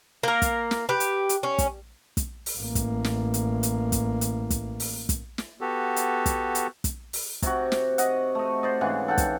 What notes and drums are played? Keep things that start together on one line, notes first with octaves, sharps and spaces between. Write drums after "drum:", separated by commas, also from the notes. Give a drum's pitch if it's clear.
A#3 A#4
drum: kick, hi-hat
drum: snare
G4 B4
drum: hi-hat
drum: hi-hat
C#4
drum: kick, hi-hat
drum: kick, hi-hat
drum: open hi-hat
A1 A#3
drum: kick, hi-hat
drum: snare
drum: hi-hat
drum: hi-hat
drum: kick, hi-hat
drum: hi-hat
drum: kick, hi-hat
drum: open hi-hat
drum: kick, hi-hat
drum: snare
B3 F#4 G4 A4
drum: hi-hat
drum: kick, hi-hat
drum: hi-hat
drum: kick, hi-hat
drum: open hi-hat
C3 F#4, drum: kick, hi-hat
drum: snare
D#5 F#5, drum: hi-hat
A3 D#5
C5 D5 D#5
G#2 C#3 E3 F#5
A4 F#5 G5
drum: kick, hi-hat